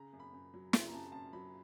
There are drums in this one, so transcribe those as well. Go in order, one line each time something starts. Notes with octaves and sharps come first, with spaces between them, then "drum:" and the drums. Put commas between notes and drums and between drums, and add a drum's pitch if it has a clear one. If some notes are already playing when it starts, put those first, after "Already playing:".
Already playing: C#3 A#5
F#2
B5
F#2
F#3
C#3 C6, drum: snare
A#5
F#2 A5
F#2 A5
F#3 B5